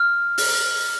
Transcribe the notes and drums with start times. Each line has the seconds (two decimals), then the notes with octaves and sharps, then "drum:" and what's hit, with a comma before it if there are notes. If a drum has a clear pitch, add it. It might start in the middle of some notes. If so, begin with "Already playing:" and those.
Already playing: F6
0.38 drum: open hi-hat